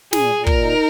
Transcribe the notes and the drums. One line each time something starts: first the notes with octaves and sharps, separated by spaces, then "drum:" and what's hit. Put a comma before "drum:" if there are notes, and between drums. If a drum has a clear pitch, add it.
A#2 G#4, drum: snare
A#2
A#4, drum: kick
D#4